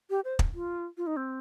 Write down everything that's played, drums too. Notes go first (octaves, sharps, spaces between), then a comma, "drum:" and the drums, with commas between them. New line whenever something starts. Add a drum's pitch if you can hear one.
G4
C5
drum: kick
F4
F4
D#4
C4